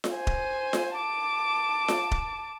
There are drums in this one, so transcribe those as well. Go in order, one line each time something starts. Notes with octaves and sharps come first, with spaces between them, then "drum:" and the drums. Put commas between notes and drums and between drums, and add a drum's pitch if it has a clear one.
drum: snare F4
C5 G#5
drum: kick D#1
drum: snare F4
A5 D6
drum: snare F4
drum: kick D#1